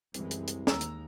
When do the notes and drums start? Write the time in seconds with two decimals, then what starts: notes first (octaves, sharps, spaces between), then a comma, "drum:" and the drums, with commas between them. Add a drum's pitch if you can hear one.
0.14 C2 F#2 E3 G#3, drum: hi-hat
0.31 drum: hi-hat
0.48 drum: hi-hat
0.67 D#2 G#3 A#5 E6, drum: snare
0.81 drum: hi-hat